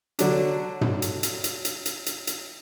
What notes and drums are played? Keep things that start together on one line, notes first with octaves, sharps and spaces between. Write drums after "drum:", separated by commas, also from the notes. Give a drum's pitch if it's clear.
D3 F#3 D4, drum: hi-hat
drum: tom
drum: hi-hat
drum: hi-hat
drum: hi-hat
drum: hi-hat
drum: hi-hat
drum: hi-hat
drum: hi-hat